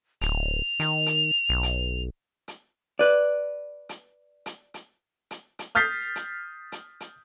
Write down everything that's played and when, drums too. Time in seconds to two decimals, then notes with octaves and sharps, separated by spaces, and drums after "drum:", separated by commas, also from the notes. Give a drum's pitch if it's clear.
0.22 D1 F7, drum: hi-hat
0.80 D#3, drum: hi-hat
1.06 drum: hi-hat
1.49 B1
1.63 drum: hi-hat
2.48 drum: hi-hat
2.99 B4 D5
3.89 drum: hi-hat
4.46 drum: hi-hat
4.74 drum: hi-hat
5.31 drum: hi-hat
5.59 drum: hi-hat
5.75 D#6 F6 G6 A6 B6 C7
6.16 drum: hi-hat
6.72 drum: hi-hat
7.00 drum: hi-hat